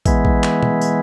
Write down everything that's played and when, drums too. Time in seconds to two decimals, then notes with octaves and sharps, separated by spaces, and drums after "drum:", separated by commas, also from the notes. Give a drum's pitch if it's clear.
0.06 E3 G#3 B3, drum: kick, tambourine
0.25 drum: kick
0.44 drum: clap
0.63 drum: tom B2
0.81 drum: tambourine